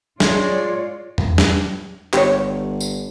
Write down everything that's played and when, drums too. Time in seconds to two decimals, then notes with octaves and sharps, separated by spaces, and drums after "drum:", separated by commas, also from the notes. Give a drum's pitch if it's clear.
0.20 G#3 F4 C#5 D5, drum: snare
1.18 drum: tom E2
1.38 drum: snare
2.13 G1 G4 C#5, drum: clap
2.80 drum: tambourine